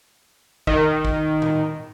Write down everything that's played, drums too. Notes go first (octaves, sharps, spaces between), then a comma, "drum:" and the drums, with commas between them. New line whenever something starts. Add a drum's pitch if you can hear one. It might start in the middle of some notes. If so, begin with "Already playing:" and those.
D#3, drum: kick
drum: kick
drum: tom A2